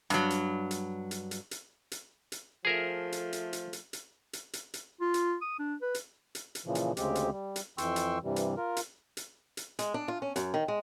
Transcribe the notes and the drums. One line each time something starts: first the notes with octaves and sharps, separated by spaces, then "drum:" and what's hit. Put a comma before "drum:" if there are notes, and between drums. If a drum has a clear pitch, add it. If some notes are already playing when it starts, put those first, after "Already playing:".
G2 F#3, drum: hi-hat
drum: hi-hat
drum: hi-hat
drum: hi-hat
drum: hi-hat
drum: hi-hat
drum: hi-hat
drum: hi-hat
F3 A3 G#4 A#4 E5
drum: hi-hat
drum: hi-hat
drum: hi-hat
drum: hi-hat
drum: hi-hat
drum: hi-hat
drum: hi-hat
drum: hi-hat
F4
drum: hi-hat
D#6
D4
B4
drum: hi-hat
drum: hi-hat
drum: hi-hat
A#2 C#3 E3 F3
drum: hi-hat
D2 C#3 G#3 C4 G4, drum: hi-hat
drum: hi-hat
G3
drum: hi-hat
F2 E3 G5 C6 C#6 E6, drum: hi-hat
drum: hi-hat
G2 C3 E3 G3
drum: hi-hat
F4 A#4
drum: hi-hat
drum: hi-hat
drum: hi-hat
G#3, drum: hi-hat
D4
F4
C#4
F#2, drum: hi-hat
D#3
G#3